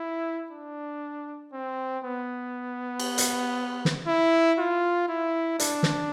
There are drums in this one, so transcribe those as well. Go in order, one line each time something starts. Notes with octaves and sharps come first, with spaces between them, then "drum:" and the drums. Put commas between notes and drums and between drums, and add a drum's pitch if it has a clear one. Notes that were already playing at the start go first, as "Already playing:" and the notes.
Already playing: E4
D4
C4
B3
drum: cymbal
drum: hi-hat
drum: snare
E4
F4
E4
D4, drum: hi-hat
drum: snare